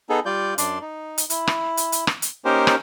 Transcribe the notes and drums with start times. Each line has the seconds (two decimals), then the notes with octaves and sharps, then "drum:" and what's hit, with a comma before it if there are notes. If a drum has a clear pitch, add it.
0.10 B3 D#4 G#4 A4
0.26 G3 F4 D5 G6
0.58 F#2 D4 D5 C6, drum: hi-hat
0.81 D#4
1.18 drum: hi-hat
1.30 E4, drum: hi-hat
1.47 drum: rim click
1.77 drum: hi-hat
1.92 drum: hi-hat
2.07 drum: rim click
2.22 drum: hi-hat
2.45 A#3 C#4 D#4 G4 A#4 C5
2.67 drum: rim click